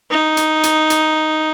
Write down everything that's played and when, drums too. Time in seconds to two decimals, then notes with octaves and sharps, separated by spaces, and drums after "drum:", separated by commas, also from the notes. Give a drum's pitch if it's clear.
0.10 D#4
0.37 drum: hi-hat
0.63 drum: hi-hat
0.90 drum: hi-hat